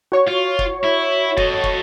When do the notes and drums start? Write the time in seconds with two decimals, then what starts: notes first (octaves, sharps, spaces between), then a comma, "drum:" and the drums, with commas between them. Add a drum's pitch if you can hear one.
0.12 F#4 C#5 C#6
0.27 F4
0.59 drum: kick
0.83 E4
1.37 A4 D#5, drum: kick
1.64 drum: kick